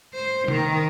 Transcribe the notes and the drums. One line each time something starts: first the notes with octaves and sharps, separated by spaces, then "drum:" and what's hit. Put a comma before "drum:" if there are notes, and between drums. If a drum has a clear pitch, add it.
C5
D#3, drum: tom C3